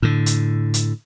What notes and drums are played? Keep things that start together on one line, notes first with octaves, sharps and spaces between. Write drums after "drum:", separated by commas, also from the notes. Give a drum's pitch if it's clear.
A2 D3
drum: hi-hat
drum: hi-hat